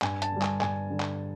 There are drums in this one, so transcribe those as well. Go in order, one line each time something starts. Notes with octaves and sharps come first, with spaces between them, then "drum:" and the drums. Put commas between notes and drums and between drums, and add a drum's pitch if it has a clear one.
G2 G#5, drum: clap
A5, drum: hi-hat
D3 G3
G#5, drum: clap
G2 G#5, drum: clap
D3 G3
drum: clap